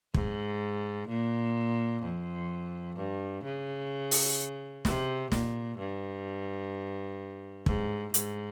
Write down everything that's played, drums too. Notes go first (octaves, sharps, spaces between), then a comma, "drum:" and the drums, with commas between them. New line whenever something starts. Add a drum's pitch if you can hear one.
G#2, drum: kick
A#2
F2
G2
C#3
drum: open hi-hat
C3, drum: snare
A#2, drum: snare
G2
G#2, drum: kick
G#2, drum: hi-hat